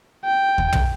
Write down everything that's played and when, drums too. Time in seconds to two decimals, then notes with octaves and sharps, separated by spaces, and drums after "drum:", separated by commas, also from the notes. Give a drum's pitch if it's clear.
0.25 G5
0.58 drum: kick D#2
0.72 drum: tom